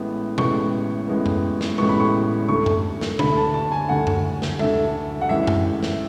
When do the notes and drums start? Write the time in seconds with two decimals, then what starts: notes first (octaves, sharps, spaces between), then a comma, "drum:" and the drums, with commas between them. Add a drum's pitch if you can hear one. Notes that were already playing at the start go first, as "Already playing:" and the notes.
Already playing: A1 A2 G#3 B3
0.38 A1 A2 G#3 B3 C#6, drum: tom B2
1.08 A1 A2 G#3 B3
1.26 drum: tom F#2
1.61 drum: snare
1.78 A1 A2 G#3 B3 C#6, drum: tom G#3
1.89 B5
2.00 C#6
2.48 D2 D3 A3 C#6
2.66 drum: tom F#2
3.01 drum: snare
3.19 D2 D3 A3 B5, drum: tom B2
3.37 A5
3.54 A5
3.72 G#5
3.89 D2 D3 A3 F#5
4.07 drum: tom F#2
4.42 drum: snare
4.59 D2 D3 A3 E5, drum: tom G#3
5.21 F#5
5.29 A1 A2 E3 G#3 E5
5.47 drum: tom F#2
5.83 drum: snare